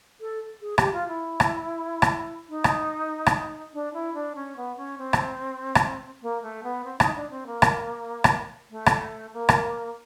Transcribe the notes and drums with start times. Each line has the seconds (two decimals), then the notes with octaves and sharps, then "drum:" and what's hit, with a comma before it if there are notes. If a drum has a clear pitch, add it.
0.21 A4
0.61 G#4
0.78 G4, drum: rim click
0.93 F4
1.08 E4
1.40 drum: rim click
2.02 drum: rim click
2.49 D#4
2.64 drum: rim click
3.26 drum: rim click
3.74 D4
3.94 E4
4.14 D4
4.35 C#4
4.57 B3
4.77 C#4
4.98 C4
5.13 drum: rim click
5.75 drum: rim click
6.22 A#3
6.42 A3
6.63 B3
6.84 C4
7.00 D#4, drum: rim click
7.15 D4
7.31 C4
7.47 A#3
7.62 drum: rim click
8.24 drum: rim click
8.71 A3
8.86 drum: rim click
9.33 A#3
9.49 drum: rim click